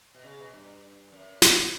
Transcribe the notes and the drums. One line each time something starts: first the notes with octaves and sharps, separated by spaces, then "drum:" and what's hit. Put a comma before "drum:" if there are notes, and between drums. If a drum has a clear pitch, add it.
B2
C#3
B2
G2
F#2
G2, drum: snare
A2